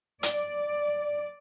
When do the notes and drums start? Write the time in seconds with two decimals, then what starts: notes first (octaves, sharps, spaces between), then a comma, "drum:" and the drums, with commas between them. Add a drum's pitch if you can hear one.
0.23 D5, drum: hi-hat